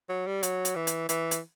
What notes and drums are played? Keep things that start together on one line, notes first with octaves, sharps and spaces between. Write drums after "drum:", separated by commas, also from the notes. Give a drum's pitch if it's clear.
F#3
G3
F#3, drum: hi-hat
drum: hi-hat
E3
drum: hi-hat
E3, drum: hi-hat
drum: hi-hat